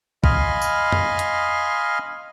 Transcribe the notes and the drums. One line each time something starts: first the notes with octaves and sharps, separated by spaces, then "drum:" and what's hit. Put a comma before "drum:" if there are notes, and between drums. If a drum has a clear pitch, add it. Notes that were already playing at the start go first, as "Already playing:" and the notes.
D#5 F5 G#5 B5 C6 F6, drum: kick C2
drum: tambourine
drum: tom F2
drum: hi-hat